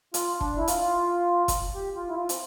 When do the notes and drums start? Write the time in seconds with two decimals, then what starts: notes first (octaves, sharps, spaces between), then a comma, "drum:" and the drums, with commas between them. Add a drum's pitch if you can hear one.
0.14 F4, drum: hi-hat
0.41 D4, drum: kick
0.57 E4
0.68 F4, drum: hi-hat
1.48 drum: kick, hi-hat
1.75 G4
1.96 F4
2.08 E4
2.16 F4
2.29 C4, drum: hi-hat